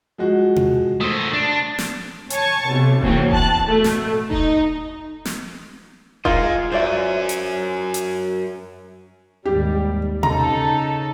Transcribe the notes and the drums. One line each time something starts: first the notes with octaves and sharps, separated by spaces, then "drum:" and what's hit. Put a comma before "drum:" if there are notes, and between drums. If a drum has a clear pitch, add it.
F3 G#3 F#4
drum: tom B2
A3 C5 D#6
D4
drum: snare
C#5 G#5 A5 C#6, drum: hi-hat
B1 C3
E3 F#3 A#3 C4 C#4, drum: kick D#1
A5 F#6, drum: kick D#1
B2 A3
drum: snare
D#4, drum: kick D#1
drum: snare
G#3 D#4 F4 A#4 F5, drum: kick D#1
F#2 C#4 C5 D5 E5
drum: hi-hat
drum: hi-hat
D#2 G#2 G3 G4
C#3 D#4 A4 A#5, drum: tom B2